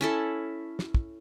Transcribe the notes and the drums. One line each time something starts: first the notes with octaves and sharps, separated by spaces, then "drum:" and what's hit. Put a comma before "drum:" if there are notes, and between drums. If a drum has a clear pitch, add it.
C#4 E4 A4
drum: snare
drum: kick